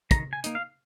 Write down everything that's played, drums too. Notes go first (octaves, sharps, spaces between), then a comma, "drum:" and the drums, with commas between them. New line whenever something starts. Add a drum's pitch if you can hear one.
D#3 A#5, drum: kick, hi-hat
G#5
A#3 D#4, drum: hi-hat
F5